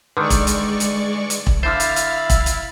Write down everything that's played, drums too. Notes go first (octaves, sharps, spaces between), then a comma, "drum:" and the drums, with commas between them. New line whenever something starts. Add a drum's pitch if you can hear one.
D3 D#3 G#3 B4 D5 C#6
drum: kick E1, hi-hat
drum: hi-hat
drum: hi-hat
drum: hi-hat
drum: kick E1
D3 E4 C5 F5 F6 A6
drum: hi-hat
drum: hi-hat
drum: kick E1, hi-hat
drum: hi-hat